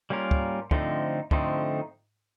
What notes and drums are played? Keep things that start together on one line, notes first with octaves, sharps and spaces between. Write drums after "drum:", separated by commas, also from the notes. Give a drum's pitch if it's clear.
G3 A#3 C#4 F4 A#4
drum: kick
D3 F3 A3 C4 D#4, drum: kick
D3 F3 A3 C4 D#4, drum: kick